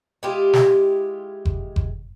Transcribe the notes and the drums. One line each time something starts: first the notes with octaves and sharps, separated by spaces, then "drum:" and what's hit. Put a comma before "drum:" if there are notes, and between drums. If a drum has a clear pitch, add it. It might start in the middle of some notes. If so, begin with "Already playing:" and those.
G#3 E4 F4 G4
drum: snare
drum: kick F#1
drum: kick F#1